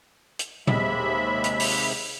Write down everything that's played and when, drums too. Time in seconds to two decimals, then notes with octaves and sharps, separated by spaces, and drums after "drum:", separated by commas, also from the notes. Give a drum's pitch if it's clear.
0.39 drum: hi-hat
0.67 D#2 C3 G#3 E5 B5, drum: tom A#2
1.44 drum: hi-hat
1.60 drum: open hi-hat